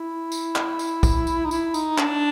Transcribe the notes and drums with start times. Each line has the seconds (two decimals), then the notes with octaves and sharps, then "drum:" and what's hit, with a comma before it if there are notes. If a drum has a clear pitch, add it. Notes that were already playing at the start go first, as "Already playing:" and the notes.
Already playing: E4
0.32 drum: tambourine
0.56 drum: clap
0.79 drum: tambourine
1.03 drum: kick, tambourine
1.27 drum: tambourine
1.45 D#4
1.51 E4, drum: tambourine
1.74 D#4, drum: tambourine
1.98 D4, drum: clap